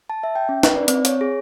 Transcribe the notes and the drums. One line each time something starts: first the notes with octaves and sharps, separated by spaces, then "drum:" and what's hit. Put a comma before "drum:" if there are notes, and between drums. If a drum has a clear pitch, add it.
A5
E5
G5
C#4
B4, drum: snare
D5
C4, drum: hi-hat
C#5, drum: hi-hat
G#4